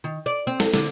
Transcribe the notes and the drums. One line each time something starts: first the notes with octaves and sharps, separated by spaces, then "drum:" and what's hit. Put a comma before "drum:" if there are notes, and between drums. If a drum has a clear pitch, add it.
D#3
D5
C4
A4, drum: snare
D3, drum: snare